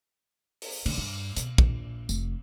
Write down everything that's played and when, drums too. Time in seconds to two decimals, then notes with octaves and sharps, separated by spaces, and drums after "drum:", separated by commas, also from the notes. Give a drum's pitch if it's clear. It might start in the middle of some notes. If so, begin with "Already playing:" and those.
0.62 drum: open hi-hat
0.86 D3, drum: cymbal
0.98 G2
1.37 B2, drum: hi-hat
1.58 A#1, drum: kick
2.09 F1, drum: tambourine